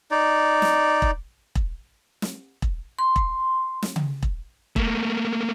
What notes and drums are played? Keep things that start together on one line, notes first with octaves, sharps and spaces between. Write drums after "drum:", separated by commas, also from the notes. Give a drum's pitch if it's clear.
D#4 D5
drum: snare
drum: kick E1
drum: kick E1
drum: snare
drum: kick E1
C6
drum: kick E1
drum: snare
drum: tom C#3
drum: kick E1
A3 A#3, drum: kick E1